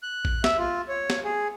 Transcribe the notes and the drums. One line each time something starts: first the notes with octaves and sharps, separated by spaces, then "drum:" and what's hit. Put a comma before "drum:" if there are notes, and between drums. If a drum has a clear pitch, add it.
F#6
drum: kick A#1
E5, drum: snare
F4
C#5
drum: snare
G#4